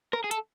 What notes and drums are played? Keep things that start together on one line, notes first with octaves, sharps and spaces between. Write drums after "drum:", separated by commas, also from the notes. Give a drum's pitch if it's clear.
A#4, drum: rim click
G#4
A4, drum: hi-hat